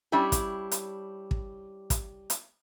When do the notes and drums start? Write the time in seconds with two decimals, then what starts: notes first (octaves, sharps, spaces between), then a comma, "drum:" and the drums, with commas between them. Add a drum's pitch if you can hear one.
0.12 G3 C#4 D4 E4 G4
0.32 drum: kick, hi-hat
0.72 drum: hi-hat
1.31 drum: kick
1.90 drum: kick, hi-hat
2.30 drum: hi-hat